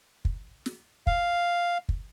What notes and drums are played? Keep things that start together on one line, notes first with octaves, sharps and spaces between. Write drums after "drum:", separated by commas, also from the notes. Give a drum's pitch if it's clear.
drum: kick
drum: snare
F5, drum: kick
drum: kick